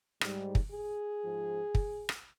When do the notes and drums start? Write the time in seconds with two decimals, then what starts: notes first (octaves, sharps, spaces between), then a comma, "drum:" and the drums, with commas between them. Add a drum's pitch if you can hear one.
0.21 G#2 G3, drum: rim click
0.55 drum: kick
0.72 G#4
1.23 G#2 F3
1.75 drum: kick
2.09 drum: rim click